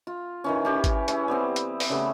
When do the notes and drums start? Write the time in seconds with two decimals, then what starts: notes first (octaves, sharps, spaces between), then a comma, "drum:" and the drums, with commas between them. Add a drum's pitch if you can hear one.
0.07 F4
0.44 D#3 E3 C#4
0.65 C#4 G4 B4
0.84 drum: kick G#1, hi-hat
1.08 C#4 E4 G#4, drum: hi-hat
1.28 G3 B3 C4
1.56 drum: hi-hat
1.80 drum: open hi-hat
1.89 C#3 G3 A3 B3